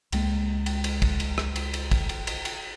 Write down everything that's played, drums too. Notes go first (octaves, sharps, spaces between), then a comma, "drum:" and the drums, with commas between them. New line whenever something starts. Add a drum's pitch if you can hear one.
C#2 G#3 A#3, drum: cymbal
drum: cymbal
drum: cymbal
drum: kick, cymbal
drum: cymbal
drum: rim click
drum: cymbal
drum: cymbal
drum: kick, cymbal
drum: cymbal
drum: cymbal
drum: cymbal